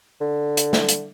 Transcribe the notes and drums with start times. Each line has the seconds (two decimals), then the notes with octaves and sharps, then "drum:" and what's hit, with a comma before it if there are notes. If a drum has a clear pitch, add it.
0.21 D3
0.57 drum: hi-hat
0.73 drum: snare
0.89 drum: hi-hat